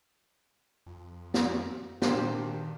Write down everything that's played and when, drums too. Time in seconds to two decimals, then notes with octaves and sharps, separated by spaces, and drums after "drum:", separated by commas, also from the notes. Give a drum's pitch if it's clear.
0.86 F2
1.34 drum: snare
2.02 G2 A#2 D#3 G4 C5, drum: snare